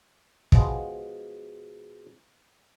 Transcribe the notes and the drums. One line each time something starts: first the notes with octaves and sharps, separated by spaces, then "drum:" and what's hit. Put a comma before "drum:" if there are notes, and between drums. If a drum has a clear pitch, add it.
B2 F3 G#3, drum: kick